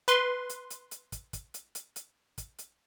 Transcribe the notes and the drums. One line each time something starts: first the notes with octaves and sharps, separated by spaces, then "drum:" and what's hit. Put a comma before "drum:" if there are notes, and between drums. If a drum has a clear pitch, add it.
B4 C6, drum: hi-hat
drum: hi-hat
drum: hi-hat
drum: hi-hat
drum: kick, hi-hat
drum: kick, hi-hat
drum: hi-hat
drum: hi-hat
drum: hi-hat
drum: kick, hi-hat
drum: hi-hat